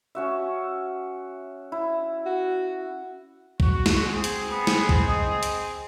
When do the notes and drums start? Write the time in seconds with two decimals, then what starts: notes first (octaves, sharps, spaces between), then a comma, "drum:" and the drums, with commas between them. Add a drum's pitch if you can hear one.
0.15 C#4 F#4 E5
1.72 E4
2.25 F#4
3.60 F#4, drum: kick B1
3.86 drum: snare
4.02 C4 G#4
4.24 drum: hi-hat
4.50 B3
4.67 drum: snare
4.89 drum: kick B1
5.06 D#5
5.43 drum: hi-hat